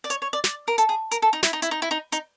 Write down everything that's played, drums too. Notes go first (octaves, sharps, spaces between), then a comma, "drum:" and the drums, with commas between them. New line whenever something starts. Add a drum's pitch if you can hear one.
D5
C#5, drum: hi-hat
C#5
D5
D5, drum: snare
A#4
A4, drum: hi-hat
G#4
A#4, drum: hi-hat
A4
D#4
E4, drum: snare
D#4
E4, drum: hi-hat
D#4
E4
D#4
D#4, drum: hi-hat